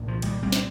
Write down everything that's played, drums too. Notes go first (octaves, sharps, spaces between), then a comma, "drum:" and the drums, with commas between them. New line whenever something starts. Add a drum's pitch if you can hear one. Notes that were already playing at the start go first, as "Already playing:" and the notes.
Already playing: C2 A#2
F3
D#3 G3, drum: cymbal
G3 C4
drum: snare